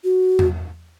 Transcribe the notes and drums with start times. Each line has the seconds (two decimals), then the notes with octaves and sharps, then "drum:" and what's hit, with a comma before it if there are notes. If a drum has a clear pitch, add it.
0.04 F#4
0.39 drum: tom E2